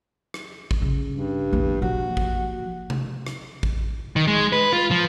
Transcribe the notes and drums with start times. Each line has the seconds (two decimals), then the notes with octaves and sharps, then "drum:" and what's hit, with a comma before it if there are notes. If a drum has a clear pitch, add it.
0.34 drum: rim click
0.71 drum: kick
0.82 C#3
1.13 G2
1.52 A#1 E2
1.81 A#2 F3 F#4
2.17 drum: kick
2.90 drum: tom C3
3.27 drum: rim click
3.63 drum: kick
4.16 D#3
4.28 G#3
4.53 B4
4.73 F4
4.91 F3